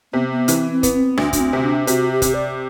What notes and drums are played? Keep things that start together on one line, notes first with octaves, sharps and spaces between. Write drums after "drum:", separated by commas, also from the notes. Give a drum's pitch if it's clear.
C3 B3
B3
E3 C4, drum: hi-hat
C4
B3, drum: kick, hi-hat
C4
D2 D4, drum: rim click
D4, drum: kick, hi-hat
C4
C3
D4
C3 F#4, drum: hi-hat
G4
C3, drum: kick, hi-hat
D5